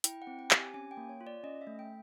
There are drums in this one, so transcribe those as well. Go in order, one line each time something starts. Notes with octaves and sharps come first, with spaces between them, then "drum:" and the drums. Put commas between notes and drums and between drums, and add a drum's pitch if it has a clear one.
E4 G5, drum: hi-hat
F#5
C4
G5
G4, drum: clap
G#5
C#4 G#5
G5
A#3
C#5
F4
D5
C#4 D#5
E5
A3
G5